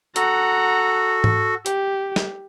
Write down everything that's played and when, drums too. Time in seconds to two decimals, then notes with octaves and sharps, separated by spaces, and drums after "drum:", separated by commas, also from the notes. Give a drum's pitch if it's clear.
0.16 F#4 A4 F#5 A#5, drum: hi-hat
1.24 drum: tom G#2
1.66 G4, drum: hi-hat
2.16 drum: snare